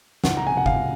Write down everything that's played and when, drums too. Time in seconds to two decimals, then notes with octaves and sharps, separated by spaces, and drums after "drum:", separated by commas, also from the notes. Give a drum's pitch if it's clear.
0.24 C#2 F#5, drum: snare
0.37 A#5
0.46 C3 G#5
0.57 F#5
0.66 C#2 F5, drum: kick F#1